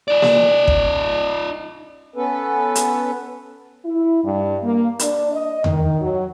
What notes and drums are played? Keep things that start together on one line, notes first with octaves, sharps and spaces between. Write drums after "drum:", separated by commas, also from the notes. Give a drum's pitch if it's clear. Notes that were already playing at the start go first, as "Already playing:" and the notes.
D#4 D5
drum: snare A#3
drum: kick
B3 C#4 A4 B4
drum: hi-hat
E4
G2
A#3
D4, drum: hi-hat
D#5
D#3, drum: tom E2
F#3